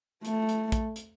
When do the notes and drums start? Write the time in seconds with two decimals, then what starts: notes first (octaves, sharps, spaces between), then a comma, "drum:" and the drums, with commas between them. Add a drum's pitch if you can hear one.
0.25 A3, drum: hi-hat
0.49 drum: hi-hat
0.72 drum: kick, hi-hat
0.96 drum: hi-hat